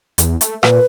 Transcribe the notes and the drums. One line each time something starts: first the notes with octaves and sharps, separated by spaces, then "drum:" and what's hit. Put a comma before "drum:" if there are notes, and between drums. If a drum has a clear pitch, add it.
E2, drum: hi-hat
A3, drum: hi-hat
A#2 B4, drum: rim click